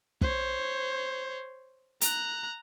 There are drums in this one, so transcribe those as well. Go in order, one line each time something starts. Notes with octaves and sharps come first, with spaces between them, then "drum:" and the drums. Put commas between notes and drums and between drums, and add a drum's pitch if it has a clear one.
C5 C#5, drum: kick
A#5 F#6, drum: hi-hat